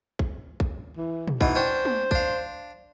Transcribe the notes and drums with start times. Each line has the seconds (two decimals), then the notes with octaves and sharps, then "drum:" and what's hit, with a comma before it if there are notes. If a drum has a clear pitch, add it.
0.19 drum: kick
0.60 drum: kick
0.97 E3
1.28 drum: tom
1.41 B2 E3 D#4, drum: kick
1.55 C#4 D4 C5 G5
1.85 drum: tom
2.11 D4 F5, drum: kick